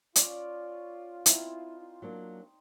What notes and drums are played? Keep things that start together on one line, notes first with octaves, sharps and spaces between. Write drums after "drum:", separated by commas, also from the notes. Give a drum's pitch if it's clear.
C#4 F4 C#5 D5, drum: hi-hat
C4 D#4 E4, drum: hi-hat
F#3 A#3 D4